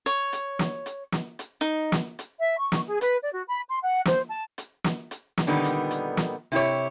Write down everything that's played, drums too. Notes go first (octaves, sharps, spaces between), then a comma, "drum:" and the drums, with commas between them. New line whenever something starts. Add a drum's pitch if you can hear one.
C#5, drum: hi-hat
drum: hi-hat
drum: snare
drum: hi-hat
drum: snare
drum: hi-hat
D#4
drum: snare
drum: hi-hat
E5
C#6
drum: snare
G#4
B4, drum: hi-hat
D5
F#4
B5
C6
F#5
C5, drum: snare
A5
drum: hi-hat
drum: snare
drum: hi-hat
drum: snare
A#2 D3 D#3 G3 B3 D#4
drum: hi-hat
drum: hi-hat
drum: snare
C3 E4 G4 C#5